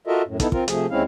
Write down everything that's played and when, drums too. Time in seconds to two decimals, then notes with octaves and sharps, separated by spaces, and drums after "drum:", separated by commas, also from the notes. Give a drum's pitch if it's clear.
0.07 F4 F#4 A4 A#4 D#5 E5
0.26 F#2 A2
0.40 B3 D#4 E4 A4, drum: kick, hi-hat
0.52 C4 F4 A#4, drum: kick
0.68 C3 F3 A3 G#4, drum: hi-hat
0.91 D#2 G#3 C4 C#4 E4 F5